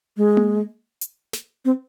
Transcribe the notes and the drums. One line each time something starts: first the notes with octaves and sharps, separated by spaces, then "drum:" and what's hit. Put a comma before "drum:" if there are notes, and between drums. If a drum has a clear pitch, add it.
G#3
drum: tom A#3
drum: hi-hat
drum: snare
C4